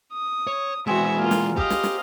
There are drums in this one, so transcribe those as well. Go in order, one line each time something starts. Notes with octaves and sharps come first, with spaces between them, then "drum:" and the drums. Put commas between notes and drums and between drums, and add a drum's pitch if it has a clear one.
D#6
C#5
E3 G#3 B3 C4 F#4 G#4 E5
A#3 F4 A#4
drum: snare
G4 D#5 F5, drum: kick
drum: snare
drum: snare